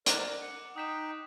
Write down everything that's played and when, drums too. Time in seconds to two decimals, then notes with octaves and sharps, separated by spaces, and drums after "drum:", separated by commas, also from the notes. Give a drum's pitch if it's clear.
0.06 A#4 D5 D6 F#6, drum: hi-hat
0.41 F#5
0.76 D#4 G5 D#6 B6 E7